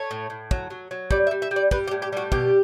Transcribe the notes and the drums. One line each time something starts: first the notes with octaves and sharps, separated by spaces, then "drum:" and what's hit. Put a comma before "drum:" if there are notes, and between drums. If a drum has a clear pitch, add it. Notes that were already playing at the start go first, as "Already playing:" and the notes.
Already playing: A3 C#5
A2
A2
F#3, drum: kick
F#3
F#3
G3 D5, drum: kick
E5
G3
E5
G3
D5
G3 B4, drum: kick
G4
A2
G4
G3 F#4
B2 G4, drum: kick